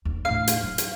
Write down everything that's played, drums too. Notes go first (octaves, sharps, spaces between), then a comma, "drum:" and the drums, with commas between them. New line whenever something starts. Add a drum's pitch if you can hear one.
D#2
A2 D4 F5
drum: hi-hat
F#3
drum: hi-hat